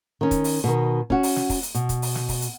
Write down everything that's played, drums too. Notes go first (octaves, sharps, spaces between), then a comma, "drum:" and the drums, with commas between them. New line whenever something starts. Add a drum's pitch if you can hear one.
D#3 C#4
drum: kick, hi-hat
drum: open hi-hat
B2 D#3
C#4 F#4, drum: kick
drum: open hi-hat
drum: snare
drum: kick, open hi-hat
drum: hi-hat
B2, drum: hi-hat
drum: kick, hi-hat
drum: open hi-hat
drum: snare
drum: kick, open hi-hat
drum: hi-hat